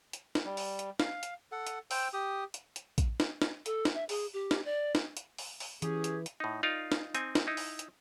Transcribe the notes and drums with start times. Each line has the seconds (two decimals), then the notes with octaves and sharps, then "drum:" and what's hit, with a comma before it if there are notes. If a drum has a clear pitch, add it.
0.13 drum: hi-hat
0.35 drum: snare
0.45 G3
0.57 drum: open hi-hat
0.79 drum: hi-hat
1.00 F5, drum: snare
1.23 drum: hi-hat
1.52 A4 F#5
1.67 drum: hi-hat
1.91 C5 G5 E6, drum: open hi-hat
2.13 G4 D#6
2.54 drum: hi-hat
2.76 drum: hi-hat
2.98 drum: kick A#1, hi-hat
3.20 drum: snare
3.42 drum: snare
3.66 A4, drum: hi-hat
3.85 drum: snare
3.94 E5
4.09 G#4, drum: open hi-hat
4.33 G4
4.51 drum: snare
4.65 D5
4.95 drum: snare
5.17 drum: hi-hat
5.38 drum: open hi-hat
5.60 drum: open hi-hat
5.82 E3 C#4 G4 G#4, drum: hi-hat
6.04 drum: hi-hat
6.26 drum: hi-hat
6.40 A2 D#4
6.63 D#4 F4 A#4 D5 F5
6.92 drum: snare
7.15 C4 D#4 G#5, drum: hi-hat
7.35 drum: snare
7.47 D#4 E4
7.57 drum: open hi-hat
7.79 drum: hi-hat